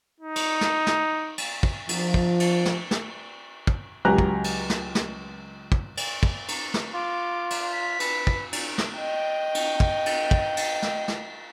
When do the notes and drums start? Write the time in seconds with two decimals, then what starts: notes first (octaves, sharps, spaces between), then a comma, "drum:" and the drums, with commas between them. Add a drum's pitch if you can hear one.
0.20 D#4
0.36 drum: cymbal
0.61 drum: snare
0.87 drum: snare
1.38 drum: cymbal
1.63 drum: kick
1.89 F3, drum: cymbal
2.14 drum: kick
2.40 drum: cymbal
2.65 drum: snare
2.91 drum: snare
3.67 drum: kick
4.05 C#2 F#3 G4 G#5 A#5 F#6
4.18 drum: kick
4.44 drum: cymbal
4.70 drum: snare
4.95 drum: snare
5.72 drum: kick
5.97 drum: cymbal
6.23 drum: kick
6.48 drum: cymbal
6.74 drum: snare
6.94 F4 D6
7.50 drum: cymbal
7.72 B6
8.00 B4, drum: cymbal
8.27 drum: kick
8.52 drum: cymbal
8.78 drum: snare
8.97 D#5 G5
9.55 drum: cymbal
9.80 drum: kick
10.06 drum: cymbal
10.31 drum: kick
10.57 drum: cymbal
10.82 drum: snare
11.08 drum: snare